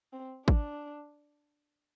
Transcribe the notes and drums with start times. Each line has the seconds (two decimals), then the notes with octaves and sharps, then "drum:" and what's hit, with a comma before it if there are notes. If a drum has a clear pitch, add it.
0.13 C4
0.48 D4, drum: kick